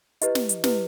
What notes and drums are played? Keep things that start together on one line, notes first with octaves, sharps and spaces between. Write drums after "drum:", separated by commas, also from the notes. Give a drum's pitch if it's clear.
E4 G4 B4 D#5, drum: hi-hat
drum: snare
drum: hi-hat
E4 G4 B4, drum: snare